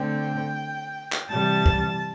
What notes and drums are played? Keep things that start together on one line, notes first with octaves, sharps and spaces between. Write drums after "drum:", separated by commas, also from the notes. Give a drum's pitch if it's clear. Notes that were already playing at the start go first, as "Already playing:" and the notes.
Already playing: D3 A3 C4 G5
drum: clap
C3 E3 G3 A5
drum: kick